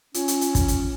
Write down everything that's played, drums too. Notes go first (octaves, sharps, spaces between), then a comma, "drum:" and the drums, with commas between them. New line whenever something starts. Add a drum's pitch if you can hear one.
C#4 F4, drum: hi-hat
drum: hi-hat
drum: hi-hat
drum: kick, hi-hat
drum: hi-hat